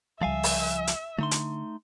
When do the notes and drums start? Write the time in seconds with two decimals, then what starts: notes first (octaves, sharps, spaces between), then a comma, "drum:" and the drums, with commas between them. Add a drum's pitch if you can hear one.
0.21 C#2 F3 G3 E5 F5 G#5
0.43 drum: open hi-hat
0.87 drum: hi-hat
1.19 D3 A3 D#4 C6
1.31 drum: hi-hat